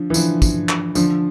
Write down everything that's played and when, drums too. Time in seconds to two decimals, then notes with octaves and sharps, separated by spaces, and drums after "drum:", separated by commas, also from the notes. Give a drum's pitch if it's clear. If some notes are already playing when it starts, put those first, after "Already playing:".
Already playing: D3 F3
0.10 E3
0.14 D3 F3, drum: tambourine
0.42 drum: kick, tambourine
0.69 drum: clap
0.95 D3 F3, drum: tambourine